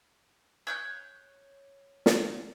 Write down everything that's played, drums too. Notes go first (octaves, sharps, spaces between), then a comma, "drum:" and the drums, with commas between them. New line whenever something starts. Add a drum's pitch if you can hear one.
C#5 F#6 G6
drum: snare